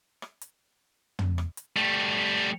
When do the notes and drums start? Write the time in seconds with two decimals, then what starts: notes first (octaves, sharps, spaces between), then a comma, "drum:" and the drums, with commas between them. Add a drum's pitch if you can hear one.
0.22 drum: rim click
0.41 drum: hi-hat
1.19 drum: tom
1.38 drum: rim click
1.57 drum: hi-hat
1.77 G3 A3